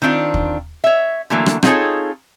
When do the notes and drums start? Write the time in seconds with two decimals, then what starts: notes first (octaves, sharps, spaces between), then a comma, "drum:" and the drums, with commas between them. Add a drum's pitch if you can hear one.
0.02 D#3 C4 D4 E4 F4
0.34 drum: kick
0.84 C#5 E5
1.30 D3 E3 F#3 A3 A#3
1.46 drum: rim click
1.63 C4 D#4 F4 G#4 A4 C#5, drum: rim click